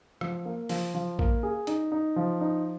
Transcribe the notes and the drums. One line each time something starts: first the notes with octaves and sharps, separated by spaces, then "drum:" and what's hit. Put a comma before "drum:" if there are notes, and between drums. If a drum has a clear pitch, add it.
F3, drum: rim click
A#3
F3, drum: open hi-hat
F3
A#3, drum: kick
G#4
D#4, drum: hi-hat
D#4
F3
D#4